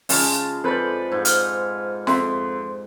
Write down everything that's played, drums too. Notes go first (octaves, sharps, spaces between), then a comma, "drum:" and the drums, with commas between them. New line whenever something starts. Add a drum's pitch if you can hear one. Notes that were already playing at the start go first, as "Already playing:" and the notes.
C#3 G#3 F4 A5, drum: open hi-hat
F2 A4 B4 C5 D5
G#2
F6, drum: hi-hat
F2 E5 C6, drum: snare F4